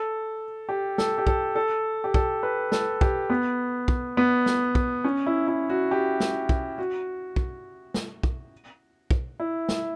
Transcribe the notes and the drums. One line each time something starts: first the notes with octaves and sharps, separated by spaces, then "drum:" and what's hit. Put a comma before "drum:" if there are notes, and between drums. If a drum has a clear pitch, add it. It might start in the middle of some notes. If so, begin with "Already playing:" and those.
Already playing: A4
G4
A4, drum: snare
G4
A4, drum: kick
A4
G4
A4, drum: kick
B4
A4, drum: snare
G4, drum: kick
B3
drum: kick
B3
drum: snare
drum: kick
C#4
E4
E4
F#4
G4
drum: snare
drum: kick
F#4
drum: kick
drum: snare
drum: kick
drum: kick
E4
drum: snare